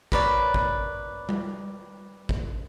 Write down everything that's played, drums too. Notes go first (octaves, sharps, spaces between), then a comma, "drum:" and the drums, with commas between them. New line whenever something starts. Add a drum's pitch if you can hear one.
A#4 B4 C#5 D5, drum: kick
drum: kick
drum: tom G3
drum: kick